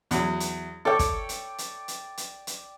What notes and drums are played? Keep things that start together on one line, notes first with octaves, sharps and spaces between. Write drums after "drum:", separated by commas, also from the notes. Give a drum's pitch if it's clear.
E2 F#3, drum: hi-hat
drum: hi-hat
A4 C#5 D5 G5
drum: kick, hi-hat
drum: hi-hat
drum: hi-hat
drum: hi-hat
drum: hi-hat
drum: hi-hat